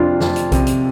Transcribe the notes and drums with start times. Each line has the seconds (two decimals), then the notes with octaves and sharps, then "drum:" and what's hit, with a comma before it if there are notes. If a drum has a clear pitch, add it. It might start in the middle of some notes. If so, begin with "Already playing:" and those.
Already playing: F2 C3 D4 F4
0.20 F2, drum: snare
0.36 drum: hi-hat
0.52 C3, drum: kick B1, hi-hat
0.67 drum: hi-hat